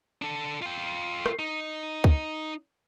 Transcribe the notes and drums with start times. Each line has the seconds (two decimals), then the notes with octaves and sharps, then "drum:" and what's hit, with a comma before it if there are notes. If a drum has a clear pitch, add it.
0.22 D4 A4
0.62 F4 G5
1.26 drum: rim click
1.39 D#4
2.04 drum: kick